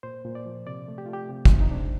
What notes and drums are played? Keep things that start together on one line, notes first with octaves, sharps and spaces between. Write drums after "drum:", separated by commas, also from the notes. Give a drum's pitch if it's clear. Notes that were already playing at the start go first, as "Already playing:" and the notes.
A#2 C5
A#2
D5
F3
C3 D5
A3
G4
F4
A3 G4
C3
D#4, drum: kick
C3
D#4
C3 D4
C4